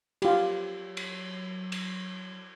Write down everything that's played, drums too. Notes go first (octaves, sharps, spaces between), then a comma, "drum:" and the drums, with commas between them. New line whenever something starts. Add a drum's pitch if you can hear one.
F#3 F4 G4, drum: cymbal
drum: cymbal
drum: cymbal